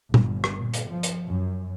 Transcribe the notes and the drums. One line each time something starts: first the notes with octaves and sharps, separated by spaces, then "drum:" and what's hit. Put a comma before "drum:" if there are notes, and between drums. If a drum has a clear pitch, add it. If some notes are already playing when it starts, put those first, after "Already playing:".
G1, drum: tom A#2
drum: rim click
A#2
drum: hi-hat
F3
drum: hi-hat
F#2